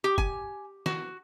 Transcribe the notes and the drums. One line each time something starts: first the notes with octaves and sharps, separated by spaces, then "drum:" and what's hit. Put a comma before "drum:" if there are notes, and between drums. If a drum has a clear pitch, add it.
G4
G#5, drum: kick
F#4, drum: snare